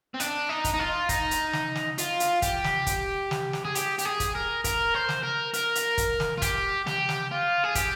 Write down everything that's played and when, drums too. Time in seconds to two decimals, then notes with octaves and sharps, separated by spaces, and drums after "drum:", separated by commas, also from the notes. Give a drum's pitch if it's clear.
0.14 C4
0.20 D4, drum: hi-hat
0.49 D#4
0.64 drum: kick, hi-hat
0.74 D#4
0.79 F4
1.09 D#4, drum: kick, hi-hat
1.31 drum: hi-hat
1.53 drum: snare
1.75 drum: snare
1.98 F4, drum: hi-hat
2.20 drum: hi-hat
2.42 G4, drum: kick, hi-hat
2.64 drum: snare
2.87 drum: kick, hi-hat
3.31 drum: snare
3.53 drum: snare
3.65 G#4
3.75 G4, drum: hi-hat
3.98 G4, drum: hi-hat
4.05 G#4
4.20 drum: kick, hi-hat
4.35 A#4
4.64 A#4, drum: kick, hi-hat
4.94 C5
5.09 drum: snare
5.23 A#4
5.54 A#4, drum: hi-hat
5.75 drum: hi-hat
5.98 drum: kick, hi-hat
6.20 drum: snare
6.38 F4
6.42 G4, drum: kick, hi-hat
6.87 G4, drum: snare
7.09 drum: snare
7.31 F4
7.63 G#4
7.75 G4, drum: kick, hi-hat